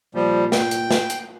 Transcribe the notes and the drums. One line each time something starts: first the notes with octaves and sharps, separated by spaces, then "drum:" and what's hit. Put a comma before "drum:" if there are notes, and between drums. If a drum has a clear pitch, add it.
A#2 F3 G3
G5, drum: snare
drum: hi-hat
drum: snare
drum: hi-hat